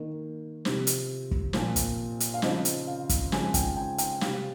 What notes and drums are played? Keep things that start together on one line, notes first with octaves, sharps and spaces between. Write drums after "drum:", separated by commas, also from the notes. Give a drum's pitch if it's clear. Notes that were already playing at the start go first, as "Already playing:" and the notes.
Already playing: D#3 A#3
C3 F3 C4, drum: snare
drum: hi-hat
drum: kick
A#2 F3 C4, drum: snare
drum: kick, hi-hat
drum: hi-hat
F5
C#3 F3 C4 D#5, drum: snare
drum: hi-hat
F5
drum: kick, hi-hat
C#3 F3 G#3 C4 G#5, drum: snare
G5, drum: kick, hi-hat
G5
G5, drum: hi-hat
C3 G3 C4 F5, drum: snare